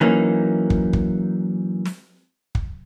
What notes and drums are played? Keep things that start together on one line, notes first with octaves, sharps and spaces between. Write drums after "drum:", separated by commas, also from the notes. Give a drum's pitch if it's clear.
E3 F#3 A#3 C#4 D#4
drum: kick
drum: kick
drum: snare
drum: kick